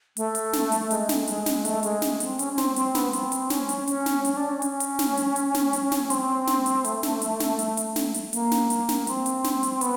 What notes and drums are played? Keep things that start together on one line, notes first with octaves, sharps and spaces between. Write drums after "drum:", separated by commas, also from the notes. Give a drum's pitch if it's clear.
A3, drum: hi-hat
drum: hi-hat
drum: snare
drum: hi-hat
G#3, drum: hi-hat
drum: snare
drum: hi-hat
drum: snare
A3, drum: hi-hat
G#3, drum: hi-hat
drum: snare
C4, drum: hi-hat
C#4, drum: hi-hat
C#4
C4, drum: snare
C4, drum: hi-hat
B3, drum: snare
C4, drum: hi-hat
drum: hi-hat
C#4, drum: snare
drum: hi-hat
C#4, drum: hi-hat
drum: snare
C#4, drum: hi-hat
D4
C#4
C#4, drum: hi-hat
drum: hi-hat
drum: snare
drum: hi-hat
drum: hi-hat
drum: snare
drum: hi-hat
drum: snare
C4, drum: hi-hat
drum: snare
drum: hi-hat
A3, drum: hi-hat
drum: snare
drum: hi-hat
drum: snare
drum: hi-hat
drum: hi-hat
drum: snare
drum: hi-hat
A#3, drum: hi-hat
drum: snare
drum: hi-hat
drum: snare
C4, drum: hi-hat
drum: hi-hat
drum: snare
drum: hi-hat
B3, drum: hi-hat